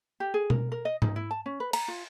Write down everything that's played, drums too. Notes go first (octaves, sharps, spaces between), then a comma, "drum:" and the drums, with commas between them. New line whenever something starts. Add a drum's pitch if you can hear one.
G4
G#4
A#4, drum: tom B2
A#4
D#5
D#4, drum: tom G#2
E4
A5
C#4
B4
A#5, drum: cymbal
F4